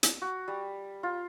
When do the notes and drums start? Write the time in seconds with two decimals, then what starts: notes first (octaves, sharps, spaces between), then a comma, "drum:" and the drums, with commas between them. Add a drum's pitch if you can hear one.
0.03 drum: hi-hat
0.22 F#4
0.48 G3
1.03 F4